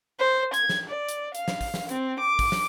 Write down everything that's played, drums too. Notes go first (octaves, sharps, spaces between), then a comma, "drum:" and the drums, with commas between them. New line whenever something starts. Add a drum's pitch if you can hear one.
C5
G#6, drum: hi-hat
drum: snare
D5
drum: hi-hat
F5, drum: hi-hat
drum: snare
drum: kick, open hi-hat
drum: snare
C4, drum: hi-hat
D6
drum: kick, open hi-hat
drum: snare